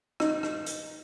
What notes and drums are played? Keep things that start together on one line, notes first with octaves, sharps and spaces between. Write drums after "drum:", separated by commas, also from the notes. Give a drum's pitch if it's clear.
D#4, drum: rim click
drum: rim click
drum: hi-hat